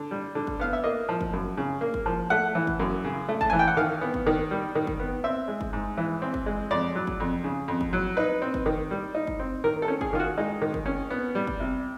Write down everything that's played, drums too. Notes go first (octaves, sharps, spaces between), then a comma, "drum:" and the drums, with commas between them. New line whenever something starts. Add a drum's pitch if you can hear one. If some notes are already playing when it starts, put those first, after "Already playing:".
Already playing: D3
G3
D3
drum: kick
B3 F5
E5
A#3 D#5
F3
drum: kick
F#2
C#3
A#3
drum: kick
F3
A3 F#5
E3
drum: kick
F#2
C#3
A3
A5, drum: kick
E3 G#5
G5
F#5
D#3 F5
B3
drum: kick
D#3
G3
D#3
drum: kick
B3
C4 E5
G#3
drum: kick
G#2
E3
C4
drum: kick
G#3
F2 D5
F#3
drum: kick
F2
C#3
F2
drum: kick
F#3
D#4 B4
C4
drum: kick
D#3
G3
D#4
drum: kick
C4
D#3 A#4
A4
C#4
G#4, drum: kick
D#3 F4
F#4
G#3 D#4
D#3
drum: kick
C#4
B3
G3
drum: kick
C3